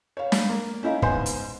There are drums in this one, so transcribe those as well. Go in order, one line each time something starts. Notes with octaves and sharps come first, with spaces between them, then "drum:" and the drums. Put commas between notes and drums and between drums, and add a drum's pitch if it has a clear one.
C#5 F5
drum: snare
A#3
C#4 D#4 E4 F5
G#2 B3 C5 G#5, drum: kick
drum: hi-hat